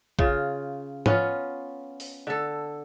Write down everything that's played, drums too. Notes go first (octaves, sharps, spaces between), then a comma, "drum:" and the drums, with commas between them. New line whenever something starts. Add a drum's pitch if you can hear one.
C#3 F4, drum: kick
B3 C#4 F4, drum: tom G#2
drum: open hi-hat
D3 A4